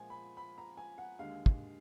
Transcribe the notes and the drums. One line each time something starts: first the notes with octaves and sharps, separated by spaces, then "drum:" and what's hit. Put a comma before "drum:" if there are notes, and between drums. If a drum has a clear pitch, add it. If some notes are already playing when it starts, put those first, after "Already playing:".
Already playing: A#2 F3 G#3 G#5
B5
B5
A#5
G#5
F#5
D#2 D3 G#3 F5
drum: kick